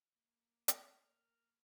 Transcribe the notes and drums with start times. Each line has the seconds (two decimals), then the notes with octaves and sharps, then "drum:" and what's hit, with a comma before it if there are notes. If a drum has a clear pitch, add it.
0.15 A#3
0.68 drum: hi-hat
0.91 A#4